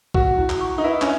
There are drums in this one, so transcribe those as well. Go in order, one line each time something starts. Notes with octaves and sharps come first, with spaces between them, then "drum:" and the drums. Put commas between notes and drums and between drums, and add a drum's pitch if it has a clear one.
F#4 F#5, drum: kick
E4
drum: clap
C#6
D#4
E4 B4
C#4, drum: clap